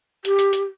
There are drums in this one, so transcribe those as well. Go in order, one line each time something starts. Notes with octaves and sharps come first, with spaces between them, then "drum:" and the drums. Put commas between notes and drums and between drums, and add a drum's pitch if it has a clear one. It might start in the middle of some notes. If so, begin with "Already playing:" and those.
G4, drum: hi-hat
drum: hi-hat
drum: hi-hat